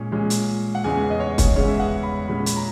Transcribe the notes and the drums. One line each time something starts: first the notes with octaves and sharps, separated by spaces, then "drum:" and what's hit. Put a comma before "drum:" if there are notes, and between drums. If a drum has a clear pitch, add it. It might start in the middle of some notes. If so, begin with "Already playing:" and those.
Already playing: A#2 G#3 C#4
A#2 G#3 C#4
drum: hi-hat
F#5
E2 C#3 G#3 C#4 G#5
D#5
C#5
drum: kick, hi-hat
E2 C#3 G#3 C#4 C#5
E5
F#5
B5
A#2 G#3 C#4 B5
B5, drum: hi-hat
A#5